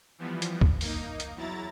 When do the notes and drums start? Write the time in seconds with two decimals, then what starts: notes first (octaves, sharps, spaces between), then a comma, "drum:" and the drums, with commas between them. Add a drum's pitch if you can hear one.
0.18 E3 F3 G3 B3
0.42 drum: hi-hat
0.61 drum: kick
0.81 A#3 D#4, drum: open hi-hat
1.20 drum: hi-hat
1.35 E2 F#3 E4 A#5 A6